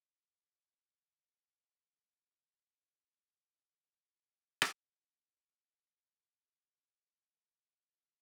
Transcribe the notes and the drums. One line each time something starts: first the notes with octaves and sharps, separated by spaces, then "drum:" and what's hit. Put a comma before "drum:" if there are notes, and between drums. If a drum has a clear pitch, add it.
G2 C5
A2 D3 A3
F#3 C4 D#4 F4 C5
drum: rim click
G3 B3 C#4 D4 C5 E5
A#3 B4 C#5
A3